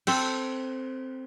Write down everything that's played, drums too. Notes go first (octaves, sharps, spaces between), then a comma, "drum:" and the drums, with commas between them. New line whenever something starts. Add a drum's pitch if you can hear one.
C4 A4 G5, drum: cymbal